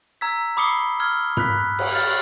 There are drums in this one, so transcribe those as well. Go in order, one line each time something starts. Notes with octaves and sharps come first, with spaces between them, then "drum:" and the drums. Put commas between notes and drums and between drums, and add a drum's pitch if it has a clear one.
A#5 E6 G#6 B6
B5 D6 D#6 C7 C#7 G7
E6 F6 G#6 G7
B5 F#6 B6, drum: tom
drum: cymbal
F6 A6